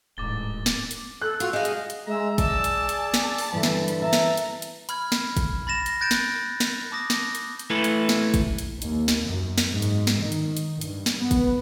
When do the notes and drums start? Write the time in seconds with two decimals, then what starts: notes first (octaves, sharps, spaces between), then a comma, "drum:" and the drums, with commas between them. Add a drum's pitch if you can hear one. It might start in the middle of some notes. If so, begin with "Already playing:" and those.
0.17 D1 A1 G#2 D6 A6 G7
0.66 drum: snare
0.91 drum: hi-hat
1.22 A4 F#6
1.40 F4 F#4, drum: hi-hat
1.53 G#3 D#4 G#4 D#5 F5
1.65 drum: hi-hat
1.90 drum: hi-hat
2.07 G#3 E5 A#5 E6
2.38 G#4 D5 A5 E6, drum: kick, hi-hat
2.64 drum: hi-hat
2.89 drum: hi-hat
3.14 drum: snare
3.38 drum: open hi-hat
3.53 G2 D3 E3 B5
3.63 drum: snare
3.88 drum: hi-hat
4.02 E5 A5 A#5
4.13 drum: snare
4.37 drum: hi-hat
4.62 drum: hi-hat
4.89 B5 F6 G#6, drum: hi-hat
5.12 drum: snare
5.37 drum: kick, hi-hat
5.67 B5 A6 A#6 E7
5.86 drum: hi-hat
6.01 F#6 G6 A6 A#6 D7 E7
6.11 drum: snare
6.60 drum: snare
6.92 A5 D6 D#6 A#6
7.10 drum: snare
7.35 drum: hi-hat
7.59 drum: hi-hat
7.70 A3 E4 A4 B4
7.84 drum: hi-hat
8.09 drum: snare
8.34 drum: kick, hi-hat
8.58 drum: hi-hat
8.82 D#2, drum: hi-hat
9.08 drum: snare
9.29 F#2
9.58 drum: snare
9.71 G#2
9.82 drum: hi-hat
10.07 drum: snare
10.21 D#3
10.32 drum: hi-hat
10.57 drum: hi-hat
10.81 G2, drum: hi-hat
11.06 drum: snare
11.18 B3
11.31 drum: kick, hi-hat